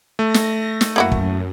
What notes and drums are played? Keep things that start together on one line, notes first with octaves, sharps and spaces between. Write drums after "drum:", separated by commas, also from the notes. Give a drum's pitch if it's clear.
A3 A#6
drum: snare
drum: snare
F#2 A#3 E4 F#4
drum: kick